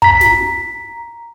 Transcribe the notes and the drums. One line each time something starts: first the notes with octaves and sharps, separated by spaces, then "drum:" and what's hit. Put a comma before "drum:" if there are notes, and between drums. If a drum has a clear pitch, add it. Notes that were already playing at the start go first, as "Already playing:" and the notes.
A#5 B6, drum: kick
drum: snare